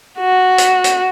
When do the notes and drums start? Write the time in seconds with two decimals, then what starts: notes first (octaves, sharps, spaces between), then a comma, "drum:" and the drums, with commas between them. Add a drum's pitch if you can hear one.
0.19 F#4
0.58 drum: hi-hat
0.84 drum: hi-hat